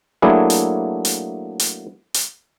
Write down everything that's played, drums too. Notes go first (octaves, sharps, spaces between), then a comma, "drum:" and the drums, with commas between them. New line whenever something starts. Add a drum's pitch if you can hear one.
F#3 A3 A#3 D4 E4 G#4
drum: hi-hat
drum: hi-hat
drum: hi-hat
drum: hi-hat